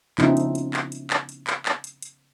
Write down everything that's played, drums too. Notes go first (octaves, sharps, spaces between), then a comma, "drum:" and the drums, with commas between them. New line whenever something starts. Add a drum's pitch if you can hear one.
C#3 F3 B3 C4 D#4 E4, drum: clap
drum: hi-hat
drum: hi-hat
drum: clap
drum: hi-hat
drum: clap
drum: hi-hat
drum: clap
drum: clap
drum: hi-hat
drum: hi-hat